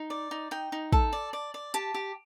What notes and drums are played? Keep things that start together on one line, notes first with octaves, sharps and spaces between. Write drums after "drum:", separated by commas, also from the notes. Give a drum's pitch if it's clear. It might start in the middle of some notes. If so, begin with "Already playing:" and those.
Already playing: D#4
D5
D#4
D#4 G5
D#4
A4, drum: kick
D5
D5
D5
G4 A5, drum: hi-hat
G4